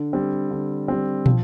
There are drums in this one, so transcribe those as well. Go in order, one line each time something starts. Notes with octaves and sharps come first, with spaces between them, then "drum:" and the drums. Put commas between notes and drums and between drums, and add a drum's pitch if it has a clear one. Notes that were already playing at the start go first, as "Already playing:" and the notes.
Already playing: D3
G3 C4
D3
G3 C4
F3, drum: tom